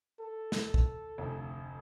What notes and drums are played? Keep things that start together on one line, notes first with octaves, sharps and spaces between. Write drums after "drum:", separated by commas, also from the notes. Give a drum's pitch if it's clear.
A4
drum: snare
drum: kick
F1 D2